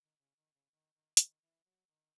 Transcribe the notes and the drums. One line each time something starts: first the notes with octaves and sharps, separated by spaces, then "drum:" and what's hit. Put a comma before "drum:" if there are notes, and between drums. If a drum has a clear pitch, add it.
D#3
C#3
D#3
C#3
D#3
D#3
D#3, drum: hi-hat
E3
F#3
D#3